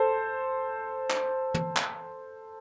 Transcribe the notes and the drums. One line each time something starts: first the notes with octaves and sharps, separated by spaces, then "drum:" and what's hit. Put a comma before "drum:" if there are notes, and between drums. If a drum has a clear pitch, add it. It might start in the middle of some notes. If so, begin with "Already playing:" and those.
Already playing: A4 C5
drum: clap
drum: tom
drum: clap